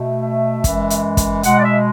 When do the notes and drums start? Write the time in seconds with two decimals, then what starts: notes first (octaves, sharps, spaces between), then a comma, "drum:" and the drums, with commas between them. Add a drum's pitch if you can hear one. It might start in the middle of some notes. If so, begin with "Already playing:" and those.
Already playing: B2 A3
0.23 E5
0.64 F#2 E3 G#3, drum: kick, hi-hat
0.90 drum: hi-hat
1.17 drum: kick, hi-hat
1.43 B2 G#3 F#5, drum: hi-hat
1.58 D5
1.64 E5